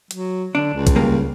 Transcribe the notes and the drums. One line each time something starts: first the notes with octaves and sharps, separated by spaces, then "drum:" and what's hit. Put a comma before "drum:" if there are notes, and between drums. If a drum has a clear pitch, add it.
F#3, drum: hi-hat
D3 D4
C#2
drum: kick, hi-hat
G2 A#3